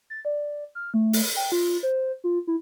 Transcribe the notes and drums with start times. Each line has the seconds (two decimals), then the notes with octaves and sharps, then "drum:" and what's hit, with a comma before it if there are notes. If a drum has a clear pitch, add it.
0.10 A6
0.25 D5
0.75 F6
0.94 A3
1.13 drum: open hi-hat
1.36 G5
1.52 F4
1.83 C5
2.24 F4
2.47 E4